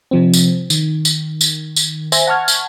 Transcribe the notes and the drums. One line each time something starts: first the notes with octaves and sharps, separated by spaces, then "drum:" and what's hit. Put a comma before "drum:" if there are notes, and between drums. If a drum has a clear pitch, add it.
C3 F3 C4
drum: tambourine
D#3, drum: tambourine
drum: tambourine
drum: tambourine
drum: tambourine
C5 E5 G#5 A#6, drum: tambourine
F#5 A5 C#6 F6 G#6
drum: tambourine